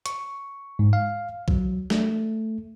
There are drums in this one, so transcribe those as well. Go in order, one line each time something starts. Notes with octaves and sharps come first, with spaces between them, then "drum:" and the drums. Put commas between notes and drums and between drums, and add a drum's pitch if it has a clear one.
C#6, drum: hi-hat
G#2
F5
F#3, drum: kick
A3, drum: snare